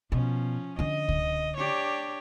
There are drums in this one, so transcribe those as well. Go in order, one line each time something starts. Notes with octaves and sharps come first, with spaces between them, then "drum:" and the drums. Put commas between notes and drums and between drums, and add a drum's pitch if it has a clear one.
B2 F3 C#4
D3 C#4 D#5
drum: kick C#2
D4 G4 C#5